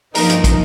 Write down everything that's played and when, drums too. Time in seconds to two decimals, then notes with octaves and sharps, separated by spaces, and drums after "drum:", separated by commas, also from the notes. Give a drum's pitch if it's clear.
0.15 G2 F3 A#3 D#4 A#4, drum: open hi-hat
0.30 drum: hi-hat
0.44 drum: kick, hi-hat